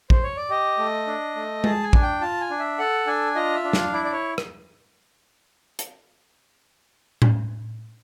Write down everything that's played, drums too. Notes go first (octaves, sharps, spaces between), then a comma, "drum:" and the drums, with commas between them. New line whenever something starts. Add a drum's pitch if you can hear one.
C5, drum: kick
C#5
D5
G4 D#5
A3
D4
A3
G#4 A5, drum: tom G#3
G#5
D4, drum: kick
G5
F4 A5
G#5
D4
E5
A4 F#5
D4 G#5
F4 D#5
E5
D4
F5, drum: snare
E4 D5
D5
C#5
drum: rim click
drum: hi-hat
drum: tom A2